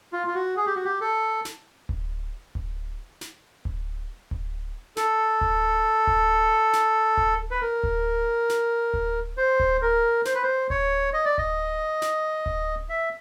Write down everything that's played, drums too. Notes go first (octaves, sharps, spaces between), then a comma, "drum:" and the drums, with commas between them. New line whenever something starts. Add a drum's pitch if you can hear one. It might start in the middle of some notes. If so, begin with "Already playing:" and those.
F4
F4
F#4
G#4
G4
F#4
G4
A4
drum: snare
drum: kick D1
drum: kick D1
drum: snare
drum: kick D1
drum: kick D1
A4, drum: snare
drum: kick D1
drum: kick D1
drum: snare
drum: kick D1
B4
A#4
drum: kick D1
drum: snare
drum: kick D1
C5
drum: kick D1
A#4
C5, drum: snare
B4
C5
C#5, drum: kick D1
D#5
D5
D#5, drum: kick D1
drum: snare
drum: kick D1
E5